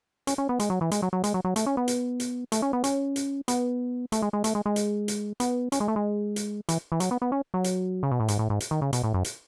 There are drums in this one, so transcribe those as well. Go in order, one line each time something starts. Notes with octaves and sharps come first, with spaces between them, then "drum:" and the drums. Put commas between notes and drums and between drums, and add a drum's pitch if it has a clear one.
C#4, drum: hi-hat
C#4
B3
G#3, drum: hi-hat
F#3
E3
G#3, drum: hi-hat
F#3
F#3
G#3, drum: hi-hat
F#3
F#3
A3, drum: hi-hat
C#4
B3
drum: hi-hat
drum: hi-hat
A3, drum: hi-hat
C#4
B3
C#4, drum: hi-hat
drum: hi-hat
B3, drum: hi-hat
A3, drum: hi-hat
G#3
G#3
A3, drum: hi-hat
G#3
G#3
drum: hi-hat
drum: hi-hat
B3, drum: hi-hat
C#4, drum: hi-hat
G#3
A3
G#3
drum: hi-hat
E3, drum: hi-hat
E3
F#3, drum: hi-hat
B3
B3
C#4
F#3
drum: hi-hat
C#3
B2
A2
G#2, drum: hi-hat
A2
G#2
drum: hi-hat
D#3
C#3
B2, drum: hi-hat
A2
F#2
drum: hi-hat